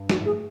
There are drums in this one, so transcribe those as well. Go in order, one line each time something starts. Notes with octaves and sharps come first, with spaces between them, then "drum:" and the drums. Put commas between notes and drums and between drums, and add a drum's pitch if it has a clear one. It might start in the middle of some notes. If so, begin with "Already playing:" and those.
Already playing: G2
F#4, drum: snare
A2
G#4